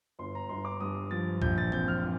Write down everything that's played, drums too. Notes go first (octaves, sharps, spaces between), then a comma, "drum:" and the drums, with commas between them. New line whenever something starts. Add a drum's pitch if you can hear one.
G1 C6
A#5
G1 C6
D6
G2 D#6
F3 A6
A#1 G6, drum: kick A1
A6
C4 G6, drum: tom E3
F6
A#2